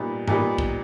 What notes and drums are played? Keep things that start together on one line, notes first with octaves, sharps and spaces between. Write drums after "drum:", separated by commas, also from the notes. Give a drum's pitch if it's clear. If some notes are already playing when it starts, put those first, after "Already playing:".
Already playing: A#2 G3 B3 D#4
A#2 G3 B3 D#4, drum: tom G2
drum: kick